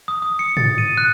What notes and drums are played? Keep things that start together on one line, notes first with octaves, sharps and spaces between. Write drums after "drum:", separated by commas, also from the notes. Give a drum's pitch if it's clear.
D#6
D#6
C#7
A6, drum: tom
D#7
F#6